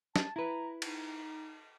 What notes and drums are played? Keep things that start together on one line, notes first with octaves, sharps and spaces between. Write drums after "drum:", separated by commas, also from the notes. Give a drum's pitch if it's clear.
A5, drum: snare
E4 B4 A#5
D#4, drum: cymbal